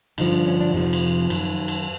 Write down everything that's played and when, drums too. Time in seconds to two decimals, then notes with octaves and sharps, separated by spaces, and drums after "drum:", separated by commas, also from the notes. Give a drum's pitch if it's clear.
0.18 G2 D3 F3 D#4, drum: cymbal
0.32 D4
0.46 C#4
0.60 D4
0.74 F2 C3 F3 D#4
0.93 drum: cymbal
1.30 F#2 D#3, drum: cymbal
1.68 drum: cymbal